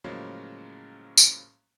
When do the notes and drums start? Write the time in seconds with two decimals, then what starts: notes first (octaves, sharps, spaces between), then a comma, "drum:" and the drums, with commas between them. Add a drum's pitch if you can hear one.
0.04 A2 C#3 F3 F#3 G#3 A#3
1.17 drum: tambourine